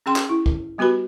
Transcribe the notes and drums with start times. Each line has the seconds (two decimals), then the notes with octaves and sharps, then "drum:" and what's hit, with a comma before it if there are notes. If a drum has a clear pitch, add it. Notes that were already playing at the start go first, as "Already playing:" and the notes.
0.06 C#4 G#4 G5 C6
0.16 drum: clap
0.29 E4
0.46 drum: kick B1
0.78 G3 B3 F#4 G4 B4 B5